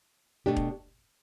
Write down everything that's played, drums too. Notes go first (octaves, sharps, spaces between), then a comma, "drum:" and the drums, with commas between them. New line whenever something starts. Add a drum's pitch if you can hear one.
B2 A3 D4 G4
drum: kick E1